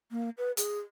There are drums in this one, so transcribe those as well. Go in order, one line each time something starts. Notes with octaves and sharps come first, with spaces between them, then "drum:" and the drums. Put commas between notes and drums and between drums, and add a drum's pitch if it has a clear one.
A#3
B4
G#4, drum: hi-hat